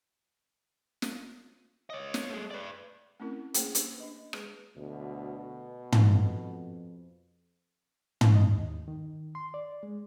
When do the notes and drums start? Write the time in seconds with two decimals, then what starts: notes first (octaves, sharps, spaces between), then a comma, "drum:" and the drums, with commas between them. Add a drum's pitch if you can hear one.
1.02 drum: snare
1.90 C#5 D#5
2.14 drum: snare
2.30 A3 G#4
2.51 B4 D5
3.20 A3 C4 C#4 E4 A#4
3.54 A3 A#3 C#4 G#4 C5 G5, drum: hi-hat
3.75 D4 G4 B4, drum: hi-hat
4.00 D4 D#5
4.33 G#3 G#4 B4, drum: rim click
4.76 D2 B2
5.92 F2, drum: tom
8.21 drum: tom
8.35 D#5
8.50 D#2
8.88 D#3
9.35 C6
9.54 D5
9.83 G#3